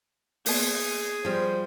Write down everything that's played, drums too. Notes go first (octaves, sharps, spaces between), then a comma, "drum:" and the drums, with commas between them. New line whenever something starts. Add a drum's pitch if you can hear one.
A#3 B3 G#4, drum: open hi-hat
F3 G3 C5